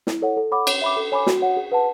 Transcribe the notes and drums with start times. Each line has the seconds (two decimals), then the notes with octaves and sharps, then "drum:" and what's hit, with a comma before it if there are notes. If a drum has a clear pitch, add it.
0.07 E4, drum: snare
0.22 A4 C#5 F#5
0.37 A4
0.52 C#5 F#5 B5 D6
0.67 C#5, drum: cymbal
0.82 E5 B5 D6
0.97 A4
1.12 C#5 G#5 B5 D6
1.27 F#4, drum: snare
1.42 C#5 F#5
1.57 G#4
1.72 B4 F#5 A5